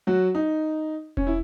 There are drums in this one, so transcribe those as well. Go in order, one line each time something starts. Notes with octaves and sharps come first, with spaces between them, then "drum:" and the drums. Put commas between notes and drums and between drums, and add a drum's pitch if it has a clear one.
F#3 F#4
D#4
C#4, drum: kick E1
E4